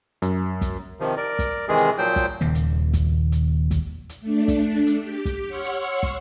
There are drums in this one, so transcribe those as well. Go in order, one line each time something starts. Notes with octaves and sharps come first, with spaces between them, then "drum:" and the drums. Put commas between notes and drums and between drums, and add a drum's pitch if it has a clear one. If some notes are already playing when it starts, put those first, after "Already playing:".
F#2, drum: hi-hat
drum: kick, hi-hat
C3 D#3 F3
A#4 D5
drum: kick, hi-hat
C3 D#3 E3 G#3 G#4
drum: hi-hat
A#2 F3 F#3 C5 G5
drum: kick, hi-hat
D#1 D#2 C#3 A#3
drum: hi-hat
drum: kick, hi-hat
drum: hi-hat
drum: kick, hi-hat
drum: hi-hat
A3 D4
drum: kick, hi-hat
drum: hi-hat
G4
drum: kick, hi-hat
C#5 F#5 C6 C#6 E6 F6
drum: hi-hat
drum: kick, hi-hat